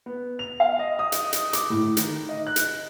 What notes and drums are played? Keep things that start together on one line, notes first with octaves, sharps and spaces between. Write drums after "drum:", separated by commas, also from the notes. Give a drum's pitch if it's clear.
B3
F7
F5
D#5
D#6
drum: hi-hat
drum: hi-hat
D6, drum: hi-hat
A2
D#3, drum: hi-hat
D#5
F#6
drum: hi-hat